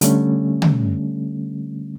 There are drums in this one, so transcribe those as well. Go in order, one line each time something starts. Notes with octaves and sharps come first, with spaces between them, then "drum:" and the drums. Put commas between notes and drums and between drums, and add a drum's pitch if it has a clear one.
D3 G3 A3 C#4, drum: hi-hat
drum: tom